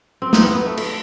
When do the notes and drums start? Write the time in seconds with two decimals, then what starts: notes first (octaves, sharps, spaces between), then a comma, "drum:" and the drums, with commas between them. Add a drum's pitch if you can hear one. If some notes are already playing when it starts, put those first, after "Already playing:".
0.22 C4
0.33 D#4, drum: snare
0.44 B3
0.55 B3
0.66 A3
0.77 A3, drum: cymbal